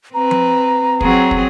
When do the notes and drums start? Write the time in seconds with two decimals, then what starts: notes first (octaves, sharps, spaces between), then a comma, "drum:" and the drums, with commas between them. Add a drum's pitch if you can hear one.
0.14 C4 B4 A#5
0.31 drum: tom F3
1.01 F#3 C4 G#4, drum: kick
1.31 drum: kick